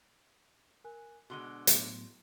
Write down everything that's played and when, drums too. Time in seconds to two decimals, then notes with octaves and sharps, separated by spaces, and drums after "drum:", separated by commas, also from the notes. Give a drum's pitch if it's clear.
0.84 A#4 G#5 F#6
1.30 B2 D3 G#3 F#4 C6 G7
1.67 A2 F#3 B3, drum: hi-hat